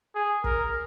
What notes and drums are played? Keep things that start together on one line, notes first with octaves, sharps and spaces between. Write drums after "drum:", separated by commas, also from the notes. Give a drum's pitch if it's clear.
G#4
A#4, drum: kick